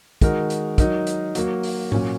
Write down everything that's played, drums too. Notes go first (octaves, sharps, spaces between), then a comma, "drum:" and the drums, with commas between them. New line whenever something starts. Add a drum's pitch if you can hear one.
D#3 G#3 D#4 F#4 A#4, drum: kick, hi-hat
drum: hi-hat
F#3 D#4 A#4, drum: kick, hi-hat
drum: hi-hat
F#3 A#3 F#4, drum: hi-hat
drum: open hi-hat
A#2 F#3 C#4, drum: tom G#2